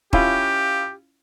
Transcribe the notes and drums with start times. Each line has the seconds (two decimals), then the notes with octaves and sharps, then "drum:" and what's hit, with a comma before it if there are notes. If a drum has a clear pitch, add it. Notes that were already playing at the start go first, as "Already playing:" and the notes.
0.13 C#4 E4 F4 G4, drum: kick